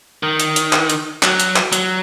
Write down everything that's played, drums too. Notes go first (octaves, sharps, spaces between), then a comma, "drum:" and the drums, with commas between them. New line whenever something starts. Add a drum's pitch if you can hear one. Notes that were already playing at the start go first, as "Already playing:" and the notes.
D#3
drum: hi-hat
drum: hi-hat
drum: clap
drum: hi-hat
F#3, drum: clap
drum: hi-hat
drum: clap
F#3, drum: hi-hat